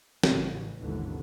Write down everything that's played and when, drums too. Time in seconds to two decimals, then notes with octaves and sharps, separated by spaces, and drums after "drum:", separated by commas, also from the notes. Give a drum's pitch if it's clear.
0.23 A1 C#3 E3, drum: snare
0.79 G#1 D#2 B2 D3 E3